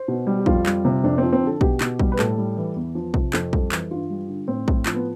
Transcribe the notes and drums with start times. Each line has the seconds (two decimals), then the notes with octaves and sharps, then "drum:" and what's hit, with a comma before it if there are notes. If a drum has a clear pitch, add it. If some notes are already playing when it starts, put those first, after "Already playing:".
Already playing: C5
0.08 B2
0.27 G3
0.39 G4
0.46 F2 F4, drum: kick A#1
0.66 G3, drum: clap
0.85 C3
1.03 F2 D4
1.18 C4
1.23 F3
1.32 C4
1.42 D3 A4
1.61 B2 G4, drum: kick A#1
1.81 B2, drum: clap
1.99 G3, drum: kick A#1
2.12 B4
2.19 A2 A4, drum: clap
2.38 G3
2.57 E3
2.76 E2
2.95 F3
3.14 C3, drum: kick A#1
3.33 F2 A4, drum: clap
3.53 G3, drum: kick A#1
3.72 E3, drum: clap
3.91 G2 F4
4.10 G3
4.28 D3
4.48 A2 C4
4.68 A2, drum: kick A#1
4.86 F3, drum: clap
4.95 B3